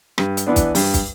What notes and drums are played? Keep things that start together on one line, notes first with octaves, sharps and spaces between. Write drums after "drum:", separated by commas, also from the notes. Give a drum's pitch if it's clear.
G2, drum: rim click
drum: hi-hat
E3 B3 D4
drum: kick, hi-hat
G2, drum: open hi-hat
drum: kick, hi-hat